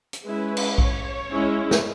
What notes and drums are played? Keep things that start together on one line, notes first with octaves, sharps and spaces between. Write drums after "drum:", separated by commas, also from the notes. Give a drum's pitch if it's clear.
drum: hi-hat
G#3 C#4 E4 B4
drum: cymbal
C#5, drum: kick B1
G#3 C#4 E4
drum: snare